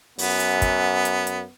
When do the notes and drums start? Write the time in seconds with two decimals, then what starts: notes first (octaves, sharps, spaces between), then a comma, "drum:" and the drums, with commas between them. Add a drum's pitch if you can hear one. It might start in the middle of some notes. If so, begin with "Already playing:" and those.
0.18 F#2 B3, drum: open hi-hat
0.40 drum: hi-hat
0.62 drum: kick, hi-hat
1.05 drum: hi-hat
1.27 drum: hi-hat